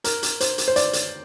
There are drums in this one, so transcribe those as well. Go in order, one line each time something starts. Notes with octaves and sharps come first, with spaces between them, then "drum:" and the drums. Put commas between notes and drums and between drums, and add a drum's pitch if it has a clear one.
A#4, drum: hi-hat
drum: hi-hat
C5, drum: hi-hat
drum: hi-hat
C5
D5, drum: hi-hat
drum: hi-hat